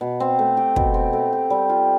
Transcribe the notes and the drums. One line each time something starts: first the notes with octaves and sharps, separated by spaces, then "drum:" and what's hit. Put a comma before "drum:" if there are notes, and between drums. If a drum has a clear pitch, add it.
B2
C4
A3
G4
B2, drum: kick
C4
A3
G4
G3
F4